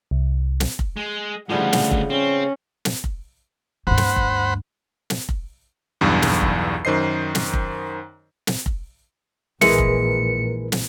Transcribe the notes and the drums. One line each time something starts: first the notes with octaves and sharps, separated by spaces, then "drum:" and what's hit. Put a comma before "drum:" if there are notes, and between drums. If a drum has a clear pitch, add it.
C2
drum: snare
drum: kick F1
G#3
D2 A2 C#3 F3 G3 G#3 F#5
drum: snare
drum: kick F1
C4 C#4
drum: snare
drum: kick F1
D2 G2 C5 F#5 B5
drum: snare
drum: kick F1
drum: snare
drum: kick F1
B1 E2 G2
drum: snare
drum: kick F1
F#2 D#3 C5 D#5 C7
drum: snare
drum: kick F1
drum: snare
drum: kick F1
A#1 E3 G#3 A#4 B4 C#7, drum: snare
drum: kick F1
drum: snare